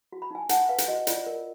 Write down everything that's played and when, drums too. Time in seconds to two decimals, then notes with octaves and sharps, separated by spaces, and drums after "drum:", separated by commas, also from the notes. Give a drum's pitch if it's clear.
0.12 F#4
0.22 B5
0.31 D#4 G#5
0.49 D#4 F#5, drum: hi-hat
0.69 B4 F5
0.78 drum: hi-hat
0.88 F#4 D#5
1.07 F4 D5, drum: hi-hat
1.26 A#4